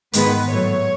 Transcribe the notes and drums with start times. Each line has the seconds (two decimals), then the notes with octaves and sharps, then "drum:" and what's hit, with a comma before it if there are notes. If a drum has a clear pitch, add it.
0.13 G#2 D#3 G#3 B3 B4, drum: hi-hat
0.51 A2 F#3 A3 C#5